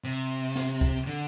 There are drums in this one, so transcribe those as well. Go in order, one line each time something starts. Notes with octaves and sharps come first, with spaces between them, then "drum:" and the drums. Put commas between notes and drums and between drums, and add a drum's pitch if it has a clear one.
C3
drum: snare
drum: kick C#2
D3